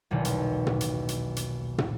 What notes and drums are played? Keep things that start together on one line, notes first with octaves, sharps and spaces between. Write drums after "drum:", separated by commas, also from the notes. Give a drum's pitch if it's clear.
D#1 B1 E2 D#3
drum: hi-hat
drum: tom
drum: hi-hat
drum: hi-hat
drum: hi-hat
drum: tom